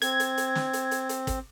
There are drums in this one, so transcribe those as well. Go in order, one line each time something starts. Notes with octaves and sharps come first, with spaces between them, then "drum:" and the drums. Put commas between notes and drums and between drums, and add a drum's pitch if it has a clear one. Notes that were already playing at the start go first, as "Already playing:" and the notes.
C4 G#6, drum: hi-hat
drum: hi-hat
drum: hi-hat
drum: snare
drum: hi-hat
drum: hi-hat
drum: hi-hat
drum: kick, hi-hat